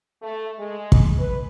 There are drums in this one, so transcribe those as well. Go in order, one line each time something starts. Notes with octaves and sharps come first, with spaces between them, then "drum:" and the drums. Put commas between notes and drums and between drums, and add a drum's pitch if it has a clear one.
A3
G#3
drum: kick
B4